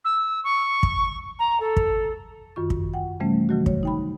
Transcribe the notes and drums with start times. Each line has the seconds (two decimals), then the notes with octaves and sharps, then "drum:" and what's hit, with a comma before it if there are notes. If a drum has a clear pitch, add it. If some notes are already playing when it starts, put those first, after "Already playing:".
0.04 E6
0.44 C#6
0.83 drum: kick
1.39 A#5
1.60 A4
1.77 drum: kick
2.56 F#2 D#3 F4 C#6
2.70 drum: kick
2.94 F#5 G5
3.20 C3 E3 G3 A3 C#4
3.49 C3 D#3 F#3 A3 F#4
3.66 C#5, drum: kick
3.83 D#4 G5 B5